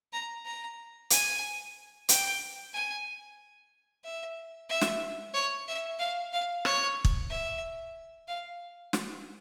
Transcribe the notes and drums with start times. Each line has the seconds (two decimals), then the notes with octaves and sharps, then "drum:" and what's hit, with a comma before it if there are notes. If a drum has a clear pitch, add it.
0.13 A#5
0.45 A#5
1.10 G#5, drum: hi-hat
2.09 G5, drum: hi-hat
2.73 G#5
4.04 E5
4.69 E5
4.81 drum: snare
5.34 C#5
5.67 E5
5.99 F5
6.32 F5
6.65 C#5, drum: rim click
7.05 drum: kick
7.30 E5
8.28 F5
8.93 drum: snare